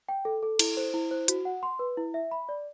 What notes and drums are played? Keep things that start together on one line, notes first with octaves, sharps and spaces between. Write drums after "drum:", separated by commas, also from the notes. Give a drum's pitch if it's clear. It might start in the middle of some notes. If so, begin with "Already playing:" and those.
G5
A4
A4
E4, drum: cymbal
C5
E4
C5
F#4, drum: hi-hat
F#5
C6
B4
E4
E5
B5
D5